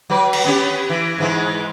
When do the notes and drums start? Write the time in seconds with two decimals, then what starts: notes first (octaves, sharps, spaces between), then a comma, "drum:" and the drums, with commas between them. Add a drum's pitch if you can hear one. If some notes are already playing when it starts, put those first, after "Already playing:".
0.10 F#3 B4
0.33 drum: cymbal
0.45 B3 C#4 G4
0.90 E3
1.18 G#2 E3 G#3